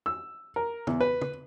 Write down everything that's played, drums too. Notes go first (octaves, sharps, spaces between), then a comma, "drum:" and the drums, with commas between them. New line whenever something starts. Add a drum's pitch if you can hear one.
E6
A#4
E2, drum: tom
B4
drum: tom